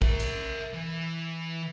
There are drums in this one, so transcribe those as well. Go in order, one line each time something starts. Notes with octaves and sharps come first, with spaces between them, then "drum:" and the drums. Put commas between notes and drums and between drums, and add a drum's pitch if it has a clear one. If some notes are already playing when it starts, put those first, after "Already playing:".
A#4 E5, drum: kick
drum: hi-hat
E3